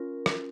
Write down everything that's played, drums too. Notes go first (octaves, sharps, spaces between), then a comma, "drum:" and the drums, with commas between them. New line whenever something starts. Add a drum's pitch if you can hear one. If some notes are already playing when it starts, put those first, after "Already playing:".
Already playing: C#4 F4 A#4
drum: rim click